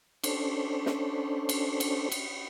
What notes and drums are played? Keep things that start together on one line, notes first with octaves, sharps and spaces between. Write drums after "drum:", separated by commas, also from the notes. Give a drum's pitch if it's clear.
C#4 D4 A4 C5, drum: cymbal
drum: snare
drum: cymbal
drum: cymbal
drum: cymbal